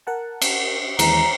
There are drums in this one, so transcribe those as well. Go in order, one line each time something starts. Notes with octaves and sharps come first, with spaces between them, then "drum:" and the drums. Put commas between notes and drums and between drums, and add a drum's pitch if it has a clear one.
A#4 F#5 A5
drum: cymbal
D#2 E3 G#3 A#5, drum: cymbal